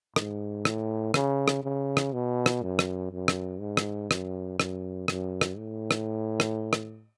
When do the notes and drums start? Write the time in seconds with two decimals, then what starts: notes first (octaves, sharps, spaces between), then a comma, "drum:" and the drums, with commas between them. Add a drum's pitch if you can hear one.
0.16 G#2, drum: rim click
0.65 A2, drum: rim click
1.14 C#3, drum: rim click
1.48 drum: rim click
1.64 C#3
1.97 drum: rim click
2.13 B2
2.46 drum: rim click
2.63 F#2
2.79 drum: rim click
3.12 F#2
3.28 drum: rim click
3.60 G#2
3.77 drum: rim click
4.11 F#2, drum: rim click
4.60 F#2, drum: rim click
5.08 F#2, drum: rim click
5.41 drum: rim click
5.58 A2
5.91 drum: rim click
6.40 drum: rim click
6.73 drum: rim click